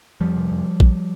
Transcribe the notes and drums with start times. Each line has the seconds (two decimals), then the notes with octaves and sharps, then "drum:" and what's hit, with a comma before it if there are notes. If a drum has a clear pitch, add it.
0.21 F2 F3 G3
0.36 C3
0.51 F2
0.80 drum: kick A#1